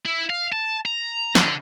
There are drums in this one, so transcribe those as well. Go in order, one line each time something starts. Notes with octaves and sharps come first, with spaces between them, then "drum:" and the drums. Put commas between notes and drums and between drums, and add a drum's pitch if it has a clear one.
E4
F5
A5
A#5
D3, drum: snare